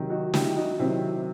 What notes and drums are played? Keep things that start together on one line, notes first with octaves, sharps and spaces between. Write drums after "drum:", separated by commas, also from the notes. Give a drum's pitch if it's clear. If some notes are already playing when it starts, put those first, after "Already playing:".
Already playing: C3 D#3 F#3
D#4 F#4
E4 G4, drum: snare
D#4 F#4
C3 D#3 F#3 C4 E4